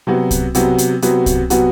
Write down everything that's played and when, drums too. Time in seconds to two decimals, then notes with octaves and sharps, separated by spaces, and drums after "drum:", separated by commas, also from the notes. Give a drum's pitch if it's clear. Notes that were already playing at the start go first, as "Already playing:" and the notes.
0.07 C3 F#3 B3 F#4
0.31 drum: kick C2, hi-hat
0.55 C3 F#3 B3 F#4, drum: hi-hat
0.78 drum: hi-hat
1.02 C3 F#3 B3 F#4, drum: hi-hat
1.26 drum: kick C2, hi-hat
1.50 C3 F#3 B3 F#4, drum: hi-hat